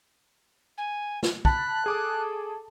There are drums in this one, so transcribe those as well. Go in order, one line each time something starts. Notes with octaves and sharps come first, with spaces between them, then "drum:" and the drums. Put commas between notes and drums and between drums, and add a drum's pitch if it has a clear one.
G#5
drum: snare
A5 B5 F#6, drum: kick
G#4 A4 D6 D#6